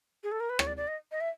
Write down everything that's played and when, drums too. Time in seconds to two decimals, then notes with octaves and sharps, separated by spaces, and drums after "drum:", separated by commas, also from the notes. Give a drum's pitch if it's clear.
0.23 G#4
0.31 A4
0.40 A#4
0.49 B4
0.59 C#5, drum: rim click
0.67 D5
0.77 D5
0.88 D#5
1.11 D#5
1.20 E5